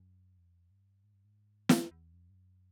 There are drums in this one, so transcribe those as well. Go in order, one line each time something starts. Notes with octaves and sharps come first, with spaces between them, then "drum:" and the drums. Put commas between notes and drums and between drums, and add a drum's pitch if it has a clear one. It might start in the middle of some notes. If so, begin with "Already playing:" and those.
Already playing: F#2
F2
G2
G#2
G2
G#2
F2, drum: snare
E2
F2
G2
F#2